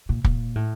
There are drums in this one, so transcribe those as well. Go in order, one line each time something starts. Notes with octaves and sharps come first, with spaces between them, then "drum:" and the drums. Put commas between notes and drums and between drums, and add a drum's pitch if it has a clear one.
A#2
A#2, drum: kick
A2